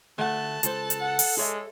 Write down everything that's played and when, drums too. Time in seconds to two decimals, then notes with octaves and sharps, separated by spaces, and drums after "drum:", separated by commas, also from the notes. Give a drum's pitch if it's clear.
0.18 D2 A3 F#5 A5 F#6
0.63 C#2 A4 C5, drum: hi-hat
0.90 drum: hi-hat
1.01 F#5
1.19 drum: open hi-hat
1.38 G#3 G#4 C#5 E5